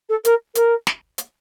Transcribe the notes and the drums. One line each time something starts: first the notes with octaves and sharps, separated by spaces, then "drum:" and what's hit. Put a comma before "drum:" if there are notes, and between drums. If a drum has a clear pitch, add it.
A4
A#4, drum: hi-hat
A#4, drum: hi-hat
drum: snare
drum: hi-hat